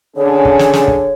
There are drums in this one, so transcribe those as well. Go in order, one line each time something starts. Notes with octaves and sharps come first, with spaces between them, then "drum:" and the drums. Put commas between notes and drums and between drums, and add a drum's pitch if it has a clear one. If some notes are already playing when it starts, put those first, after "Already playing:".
D3 C#4 G#4 C#5
drum: kick
drum: snare
drum: snare
drum: kick